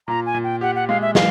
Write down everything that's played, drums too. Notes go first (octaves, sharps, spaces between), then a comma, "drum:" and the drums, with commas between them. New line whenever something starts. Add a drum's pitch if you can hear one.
A#2 A#5
G#5
A#2
G5
G4 F#5
F#5
G#3 F5
E5
E3 F5, drum: snare